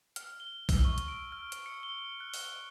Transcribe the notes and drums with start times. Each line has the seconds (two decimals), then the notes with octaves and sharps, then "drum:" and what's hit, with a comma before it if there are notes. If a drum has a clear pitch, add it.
0.16 F6, drum: hi-hat
0.40 G7
0.69 E6, drum: kick, open hi-hat
0.85 C#6
0.98 drum: hi-hat
1.08 D7
1.32 F6
1.52 drum: hi-hat
1.66 C#7
1.83 G7
1.98 G7
2.20 F#6
2.34 drum: open hi-hat